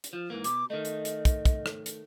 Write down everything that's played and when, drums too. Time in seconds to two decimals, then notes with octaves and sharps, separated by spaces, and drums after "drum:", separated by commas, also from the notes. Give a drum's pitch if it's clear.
0.04 drum: hi-hat
0.13 F3
0.30 G#2 E3 A#3
0.44 B2 D6, drum: hi-hat
0.70 D#3 A3 D#5
0.85 drum: hi-hat
1.05 drum: hi-hat
1.25 drum: kick, hi-hat
1.45 drum: kick, hi-hat
1.66 drum: rim click
1.86 drum: hi-hat